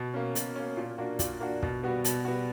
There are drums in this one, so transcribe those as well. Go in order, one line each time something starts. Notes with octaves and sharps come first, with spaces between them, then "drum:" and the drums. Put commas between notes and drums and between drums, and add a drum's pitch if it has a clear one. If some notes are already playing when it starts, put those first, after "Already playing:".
Already playing: B2
A#3 C#4
B2, drum: hi-hat
A#3 C#4
A#2
A#3 D4 F#4
A#2, drum: kick, hi-hat
A#3 D4 F#4
B2, drum: kick
G3 B3 F#4
B2, drum: hi-hat
G3 B3 F#4